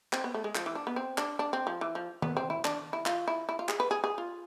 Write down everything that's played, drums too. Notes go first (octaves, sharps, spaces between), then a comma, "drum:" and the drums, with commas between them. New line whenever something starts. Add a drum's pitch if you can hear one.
C4, drum: clap
B3
A3
G#3
F3, drum: clap
E3
D4
B3
C4
D4, drum: clap
D4
C4
F3
E3
F3
B3, drum: tom D#3
C4
E4
D4, drum: clap
E4
F4, drum: clap
E4
E4
F4
G#4, drum: clap
B4
G#4
G#4
F4